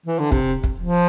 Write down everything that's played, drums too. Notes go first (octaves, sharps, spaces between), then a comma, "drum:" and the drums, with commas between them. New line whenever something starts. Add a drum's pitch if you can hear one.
E3
D3
C3, drum: kick
drum: kick
F3